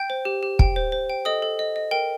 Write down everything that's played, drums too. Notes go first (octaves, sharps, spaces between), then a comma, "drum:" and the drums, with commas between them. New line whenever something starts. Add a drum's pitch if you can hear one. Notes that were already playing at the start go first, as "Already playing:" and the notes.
Already playing: G5 G6
C5
G4
G4
G5, drum: kick
C5
C5
G5
A4 D#5 D#6
A4
D#5
D#5
A#4 G5